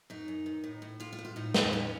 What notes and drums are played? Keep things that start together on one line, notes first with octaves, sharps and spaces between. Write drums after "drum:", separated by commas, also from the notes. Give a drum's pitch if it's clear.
F#2 D#4
F#2
D#3
A2
A2
A2 F4
F4
A2
F4
A2 D#4
A2, drum: snare
A2 C#4